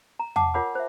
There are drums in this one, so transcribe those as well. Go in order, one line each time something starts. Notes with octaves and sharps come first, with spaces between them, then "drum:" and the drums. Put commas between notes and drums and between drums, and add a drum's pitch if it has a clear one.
A#5
F#5 A5 D6, drum: tom E2
F4 A#4 C#5 F#5 B5 D6
C5 E5